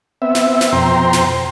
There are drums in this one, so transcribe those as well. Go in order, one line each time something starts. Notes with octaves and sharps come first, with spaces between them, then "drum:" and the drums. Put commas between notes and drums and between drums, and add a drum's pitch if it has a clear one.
B3 C4 E5
drum: snare
drum: snare
F2 B2 C5 G5 A#5 C6
drum: snare